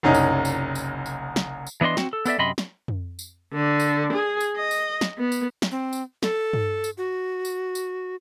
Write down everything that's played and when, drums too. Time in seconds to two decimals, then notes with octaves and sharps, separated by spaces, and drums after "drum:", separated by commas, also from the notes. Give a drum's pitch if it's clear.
0.03 F#1 C2 C#4 D#4
0.14 drum: tambourine
0.45 drum: tambourine
0.75 drum: tambourine
1.06 drum: tambourine
1.36 drum: snare
1.67 drum: tambourine
1.81 E3 B3 D4 D#5 C6
1.97 C4 F#4, drum: snare
2.13 A4
2.25 B3 A4 D5 E5, drum: tambourine
2.38 F#2 C3 D#5 B5 C6
2.58 drum: snare
2.88 drum: tom F2
3.19 drum: tambourine
3.53 D3
3.80 drum: tambourine
4.13 G#4
4.40 drum: tambourine
4.57 D#5
4.71 drum: tambourine
5.01 drum: snare
5.18 B3
5.32 drum: tambourine
5.62 drum: snare
5.71 C4
5.93 drum: tambourine
6.23 A4, drum: snare
6.53 drum: tom G2
6.84 drum: tambourine
6.98 F#4
7.45 drum: tambourine
7.75 drum: tambourine